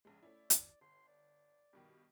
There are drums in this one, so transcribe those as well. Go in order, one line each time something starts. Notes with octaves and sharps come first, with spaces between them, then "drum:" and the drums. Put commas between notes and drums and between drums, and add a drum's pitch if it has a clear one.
A#1 C#3 G#3
A3 C#4 E4 D5
drum: hi-hat
G1 C6
D5
G2 B2 D#3